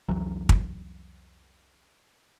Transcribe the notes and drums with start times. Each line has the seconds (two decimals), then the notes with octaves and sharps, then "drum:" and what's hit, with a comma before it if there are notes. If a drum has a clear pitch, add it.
0.09 C2 F2 E3 F#3
0.49 drum: kick